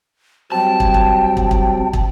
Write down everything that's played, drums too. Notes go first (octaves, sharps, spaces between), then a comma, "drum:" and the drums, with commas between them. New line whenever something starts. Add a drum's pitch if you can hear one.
F#3 G3 C4 G5 A5
drum: kick
drum: kick
drum: kick
drum: kick
drum: kick